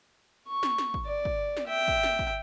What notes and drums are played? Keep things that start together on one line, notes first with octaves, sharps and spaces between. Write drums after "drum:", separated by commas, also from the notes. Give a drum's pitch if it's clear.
C#6
drum: snare
drum: snare
drum: kick
D5
drum: kick
drum: snare
E5 G5
drum: kick
drum: snare
drum: kick